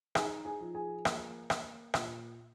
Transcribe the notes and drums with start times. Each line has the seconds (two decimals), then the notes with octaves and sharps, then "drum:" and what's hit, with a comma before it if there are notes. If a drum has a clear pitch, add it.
0.15 D#4 G#4 G#5, drum: rim click
0.45 G#4 G#5
0.60 F3
0.75 G#4 G#5
1.05 A#3, drum: rim click
1.50 A#3, drum: rim click
1.94 A#2, drum: rim click